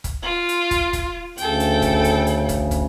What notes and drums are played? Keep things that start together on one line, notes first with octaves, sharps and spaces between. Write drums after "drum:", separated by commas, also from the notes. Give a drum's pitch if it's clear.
drum: kick, hi-hat
F4
drum: hi-hat
drum: kick, hi-hat
drum: kick, hi-hat
D2 C#3 A4 G5, drum: hi-hat
drum: hi-hat
drum: kick, hi-hat
drum: hi-hat
drum: hi-hat
drum: kick, hi-hat
drum: kick, hi-hat